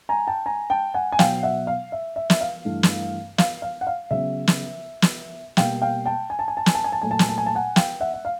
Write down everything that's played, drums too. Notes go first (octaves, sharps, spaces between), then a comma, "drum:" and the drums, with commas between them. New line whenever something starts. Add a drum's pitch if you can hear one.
G#5 A#5
G5 A5
G#5 A#5
G5 A5
F#5 G#5
G#5
B2 F#3 B3 F5 G5, drum: snare
E5 F#5
F5
E5
E5
E5, drum: snare
F5
G2 E3 A3
drum: snare
F5, drum: snare
F5
F#5
F5
C#3 F#3 B3 E5
drum: snare
drum: snare
B2 G3 A#3 F5 G5, drum: snare
F5 G5
G5 A5
G#5
A5
G#5
A5
G#5, drum: snare
A5
G#5
A5
A#2 F#3 A3 G#5
A5
G#5, drum: snare
A5
G#5
A5
F#5 G#5
F5 G5, drum: snare
E5 F#5
E5
F5